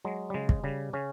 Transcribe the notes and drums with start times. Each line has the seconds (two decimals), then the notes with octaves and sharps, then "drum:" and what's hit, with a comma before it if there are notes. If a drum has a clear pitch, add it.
0.05 F#3 G#3
0.30 G3
0.34 C#3 G#3
0.49 drum: kick
0.64 C#3 G3
0.93 C#3 C#4